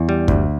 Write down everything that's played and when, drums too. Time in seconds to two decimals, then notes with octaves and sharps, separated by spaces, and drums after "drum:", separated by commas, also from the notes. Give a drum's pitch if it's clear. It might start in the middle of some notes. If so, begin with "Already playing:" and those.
Already playing: E2
0.09 G3
0.28 D2, drum: kick F#2